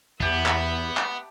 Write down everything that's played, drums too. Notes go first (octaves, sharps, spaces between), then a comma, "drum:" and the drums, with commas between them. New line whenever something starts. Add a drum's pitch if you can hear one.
E2 B3 G4 E5 F#5 A5, drum: kick
drum: clap
drum: clap